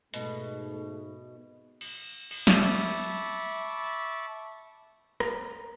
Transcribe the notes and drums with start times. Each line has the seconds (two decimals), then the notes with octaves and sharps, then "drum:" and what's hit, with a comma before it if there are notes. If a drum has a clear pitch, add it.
0.14 G#2 B2 A3, drum: hi-hat
1.81 drum: cymbal
2.31 drum: cymbal
2.47 E5 A5 B5 C#6 D6, drum: snare
5.20 A#5, drum: rim click